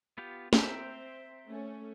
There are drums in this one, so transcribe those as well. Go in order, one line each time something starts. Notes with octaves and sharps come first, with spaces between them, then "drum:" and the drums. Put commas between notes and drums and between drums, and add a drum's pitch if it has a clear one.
B3 F4 G4
C4 C5 E5 G5 A#5, drum: snare
A3 C#4